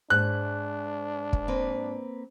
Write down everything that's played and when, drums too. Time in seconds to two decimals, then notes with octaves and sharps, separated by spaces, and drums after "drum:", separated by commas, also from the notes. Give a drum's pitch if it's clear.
0.10 G#2 D4 F#6
1.33 drum: kick
1.48 A#3 C4 B4